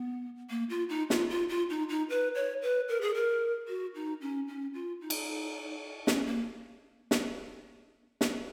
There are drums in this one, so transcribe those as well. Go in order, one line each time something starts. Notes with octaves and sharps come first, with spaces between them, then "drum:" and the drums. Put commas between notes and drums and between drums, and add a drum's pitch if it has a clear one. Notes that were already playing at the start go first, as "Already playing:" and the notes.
Already playing: B3
A#3
F4
D#4
F4, drum: snare
F4
F4
D#4
D#4
B4
C#5
B4
A#4
G#4
A#4
F#4
D#4
C#4
C#4
F4
D#4
drum: cymbal
C#4, drum: snare
A#3
drum: snare
drum: snare